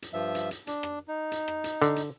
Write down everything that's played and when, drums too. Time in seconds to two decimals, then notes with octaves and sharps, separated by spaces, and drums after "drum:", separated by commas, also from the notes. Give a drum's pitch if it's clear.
0.02 drum: hi-hat
0.13 G2 F3 E5
0.35 drum: hi-hat
0.51 drum: hi-hat
0.67 D4, drum: hi-hat
0.83 drum: rim click
1.08 D#4
1.32 drum: hi-hat
1.48 drum: rim click
1.64 drum: hi-hat
1.82 D3, drum: hi-hat
1.96 drum: hi-hat